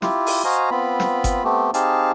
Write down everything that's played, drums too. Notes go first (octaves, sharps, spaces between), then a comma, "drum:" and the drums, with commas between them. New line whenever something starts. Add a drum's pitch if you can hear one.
E4 F4 G4, drum: snare
drum: open hi-hat
F#4 C5 D#5 F5 G#5 A#5
B3 C4 F4 B5
drum: snare
drum: kick G1, hi-hat
A3 B3 C4 G4
C4 D#4 G4 G#4 F5 A5, drum: hi-hat